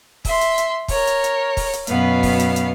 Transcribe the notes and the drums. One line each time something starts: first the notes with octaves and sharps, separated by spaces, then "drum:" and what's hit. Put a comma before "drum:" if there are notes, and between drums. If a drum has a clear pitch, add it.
E5 C6, drum: kick, open hi-hat
drum: hi-hat
drum: hi-hat
A#4 C#5, drum: kick, open hi-hat
drum: hi-hat
drum: hi-hat
drum: kick, open hi-hat
drum: hi-hat
F#2 B2 B3 F5, drum: hi-hat
drum: kick, open hi-hat
drum: hi-hat
drum: hi-hat